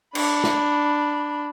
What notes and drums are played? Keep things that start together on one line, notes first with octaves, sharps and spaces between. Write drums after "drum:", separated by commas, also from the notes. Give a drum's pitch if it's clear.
D4 B5, drum: cymbal
drum: snare